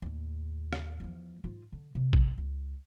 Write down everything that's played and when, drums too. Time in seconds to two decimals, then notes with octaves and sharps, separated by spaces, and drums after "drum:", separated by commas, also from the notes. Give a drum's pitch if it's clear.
0.02 D#2 A2
0.73 drum: rim click
1.00 E2 F3
1.44 G#2 F4
1.72 D3
1.95 C3
2.13 drum: kick A#1
2.38 C#2